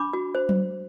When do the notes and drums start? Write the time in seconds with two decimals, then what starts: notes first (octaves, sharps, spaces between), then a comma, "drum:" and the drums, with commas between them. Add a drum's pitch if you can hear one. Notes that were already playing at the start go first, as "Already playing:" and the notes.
Already playing: D4 B5 D6
0.13 F#4
0.35 C5
0.49 drum: tom F#3